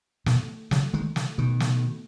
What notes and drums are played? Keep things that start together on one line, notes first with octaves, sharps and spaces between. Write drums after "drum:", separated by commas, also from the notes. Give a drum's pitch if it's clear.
B2 D#3, drum: snare
C#3 F#3, drum: snare
D#3 G#3
drum: snare
B2 D#3
drum: snare